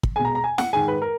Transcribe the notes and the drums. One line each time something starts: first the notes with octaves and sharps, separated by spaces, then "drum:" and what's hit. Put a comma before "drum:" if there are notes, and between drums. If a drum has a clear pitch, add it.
drum: kick
B2 G#3 G#5
A#5
A#5
G#5
F#5, drum: snare
G#2 D#3 G#3 G#5
B4
A#4